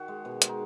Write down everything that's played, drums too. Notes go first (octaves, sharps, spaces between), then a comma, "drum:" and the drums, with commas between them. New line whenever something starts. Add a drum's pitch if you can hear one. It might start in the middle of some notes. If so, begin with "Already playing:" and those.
Already playing: D#3 F#4
G#3
B2
G#3, drum: hi-hat
D#4